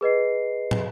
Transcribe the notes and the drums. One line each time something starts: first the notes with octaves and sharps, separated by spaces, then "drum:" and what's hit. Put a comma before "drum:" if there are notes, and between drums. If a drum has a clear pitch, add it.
G#4 B4 D#5 C7
drum: tom